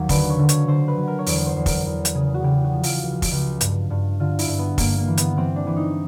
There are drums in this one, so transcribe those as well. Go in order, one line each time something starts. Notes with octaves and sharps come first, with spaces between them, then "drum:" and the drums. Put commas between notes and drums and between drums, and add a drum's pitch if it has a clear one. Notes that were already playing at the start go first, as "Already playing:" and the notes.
Already playing: D#2 F#3
D3 B4, drum: kick, open hi-hat
C#5
D3
C#5, drum: hi-hat
D3 C5
B4
F#3
A#4
C#5
E2 C5, drum: open hi-hat
C5
E2
A#4, drum: kick, open hi-hat
E2
drum: hi-hat
C#3 G#4
F#4
C#3 G4
F#4
F3
F4, drum: open hi-hat
C#2
drum: kick, open hi-hat
C#2
G2, drum: hi-hat
G2
D3 F4
E4, drum: open hi-hat
G2
B3
G2 A#3, drum: kick, open hi-hat
A#3
E3
B3, drum: hi-hat
E3 C4
D4
E3
D#4